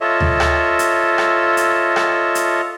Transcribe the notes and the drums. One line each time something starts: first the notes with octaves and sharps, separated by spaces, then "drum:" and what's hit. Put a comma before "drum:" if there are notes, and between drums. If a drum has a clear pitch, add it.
F4 A4 C#5 D#5 E5
drum: tom D2
drum: rim click
drum: hi-hat
drum: rim click
drum: hi-hat
drum: rim click
drum: hi-hat